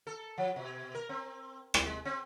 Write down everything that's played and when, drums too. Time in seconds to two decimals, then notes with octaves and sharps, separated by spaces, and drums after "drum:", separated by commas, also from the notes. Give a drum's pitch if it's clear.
0.07 A4
0.38 F3
0.56 B2
0.95 A#4
1.09 C4
1.74 drum: rim click
1.86 G#3
2.05 C4